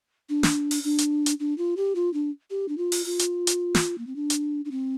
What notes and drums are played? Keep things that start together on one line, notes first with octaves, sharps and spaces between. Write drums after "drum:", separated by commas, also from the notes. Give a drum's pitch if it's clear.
D4
drum: snare
drum: open hi-hat
D4
drum: hi-hat
drum: hi-hat
D4
F4
G4
F4
D4
G4
D4
F4
drum: open hi-hat
F4
drum: hi-hat
drum: hi-hat
drum: snare
A#3
C4
D4
drum: hi-hat
D4
C4